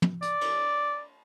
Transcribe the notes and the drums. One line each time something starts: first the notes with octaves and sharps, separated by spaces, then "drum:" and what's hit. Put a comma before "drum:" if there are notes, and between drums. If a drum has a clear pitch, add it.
drum: tom
D5, drum: hi-hat
drum: cymbal